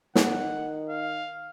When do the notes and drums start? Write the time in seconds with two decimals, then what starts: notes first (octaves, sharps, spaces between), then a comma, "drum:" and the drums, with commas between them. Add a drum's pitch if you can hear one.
0.15 D#3 F#5, drum: snare
0.89 F5